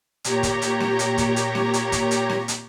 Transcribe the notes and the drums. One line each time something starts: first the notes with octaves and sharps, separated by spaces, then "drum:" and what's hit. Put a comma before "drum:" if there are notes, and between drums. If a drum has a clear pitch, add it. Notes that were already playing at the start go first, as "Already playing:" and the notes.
A#2 G4 C#5 A#5, drum: hi-hat
drum: kick, hi-hat
drum: hi-hat
drum: snare C4
drum: hi-hat
drum: kick, hi-hat
drum: hi-hat
drum: snare C4
drum: hi-hat
drum: kick, hi-hat
drum: hi-hat
drum: snare C4
drum: hi-hat